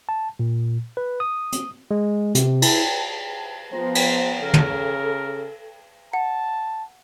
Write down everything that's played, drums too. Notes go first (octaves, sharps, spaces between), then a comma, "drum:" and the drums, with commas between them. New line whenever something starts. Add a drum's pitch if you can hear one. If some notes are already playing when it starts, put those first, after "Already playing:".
A5
A#2
B4
D#6
drum: hi-hat
G#3
C3, drum: hi-hat
E4, drum: cymbal
F3 B3 C5 A#5
drum: cymbal
C#3 A4 A#4
drum: tom
F#5 A5